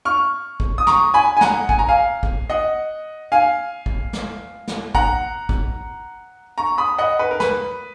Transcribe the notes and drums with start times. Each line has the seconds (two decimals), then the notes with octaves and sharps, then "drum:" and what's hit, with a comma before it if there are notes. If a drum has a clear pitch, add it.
0.05 C#6 F6
0.60 drum: kick
0.78 D#6
0.87 A#5 C#6, drum: snare
1.14 G#5 B5
1.37 G#5
1.41 F#5 A#5, drum: snare
1.69 G#5, drum: kick
1.79 A#5
1.88 F5 G#5
2.23 drum: kick
2.50 D#5 F#5
3.32 F5 G#5
3.86 drum: kick
4.13 drum: snare
4.68 drum: snare
4.95 F#5 A#5, drum: kick
5.49 drum: kick
6.58 A#5 C#6
6.78 B5 D#6
6.98 D#5 F#5
7.19 B4
7.31 A#4
7.40 B4, drum: snare